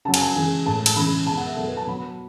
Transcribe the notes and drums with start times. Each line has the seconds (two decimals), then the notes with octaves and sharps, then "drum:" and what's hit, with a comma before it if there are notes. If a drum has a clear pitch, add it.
0.05 C#3 F#3 A5
0.14 G#5, drum: cymbal
0.21 A5
0.35 C#3 E3 G#3 G#5
0.65 A2 G#3 A5
0.86 A5, drum: cymbal
0.96 C#3 E3 G#3 B5
1.26 B2 G#3 A5
1.37 F#5
1.46 E5
1.57 B2 F#3 A4
1.67 B4
1.77 A5
1.87 B2 F#3 B5